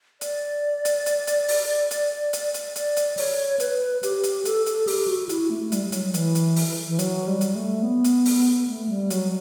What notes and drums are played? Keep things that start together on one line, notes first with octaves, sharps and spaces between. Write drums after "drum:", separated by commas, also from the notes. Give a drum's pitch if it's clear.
D5, drum: hi-hat
drum: hi-hat
drum: hi-hat
drum: hi-hat
drum: open hi-hat
drum: hi-hat
drum: hi-hat
drum: hi-hat
D5, drum: hi-hat
drum: hi-hat
C#5, drum: open hi-hat
B4, drum: hi-hat
G4, drum: hi-hat
drum: hi-hat
A4, drum: hi-hat
A4, drum: hi-hat
G4, drum: open hi-hat
F#4
E4, drum: hi-hat
A3
G3, drum: hi-hat
G3
F#3, drum: hi-hat
E3, drum: hi-hat
drum: hi-hat
drum: open hi-hat
E3
F#3, drum: hi-hat
G3
drum: hi-hat
A3
B3
drum: hi-hat
drum: open hi-hat
A3
G3
F#3, drum: hi-hat